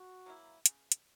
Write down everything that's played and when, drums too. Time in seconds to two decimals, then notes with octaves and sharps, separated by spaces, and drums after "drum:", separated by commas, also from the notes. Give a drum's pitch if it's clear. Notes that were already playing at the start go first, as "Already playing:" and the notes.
Already playing: F#4
0.26 F#3 A#3 E4
0.66 C#3, drum: hi-hat
0.92 drum: hi-hat